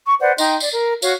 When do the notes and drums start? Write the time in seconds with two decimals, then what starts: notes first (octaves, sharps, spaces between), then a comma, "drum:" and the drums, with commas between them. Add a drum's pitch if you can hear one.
0.06 C#6
0.21 B4 C5 D5 F#5
0.38 D#4 D#5 G5 C6, drum: tambourine
0.60 D5, drum: tambourine
0.72 A#4
1.02 F#4 C#5 F5, drum: tambourine